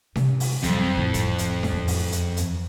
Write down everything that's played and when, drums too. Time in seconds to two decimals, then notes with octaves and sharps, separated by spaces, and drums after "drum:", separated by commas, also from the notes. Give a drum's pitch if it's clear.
0.16 C3, drum: snare C#4
0.40 drum: open hi-hat
0.63 F2 F#3 G3, drum: hi-hat
0.97 A2 F3
1.14 drum: kick, hi-hat
1.38 drum: hi-hat
1.63 drum: snare C#4
1.73 E2
1.88 drum: open hi-hat
2.12 drum: hi-hat
2.37 drum: hi-hat